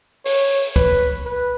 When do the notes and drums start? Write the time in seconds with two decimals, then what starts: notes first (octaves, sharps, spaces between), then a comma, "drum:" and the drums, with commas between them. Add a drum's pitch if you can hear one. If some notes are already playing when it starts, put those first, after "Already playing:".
0.26 C#5, drum: open hi-hat
0.76 B4, drum: kick, hi-hat
1.26 B4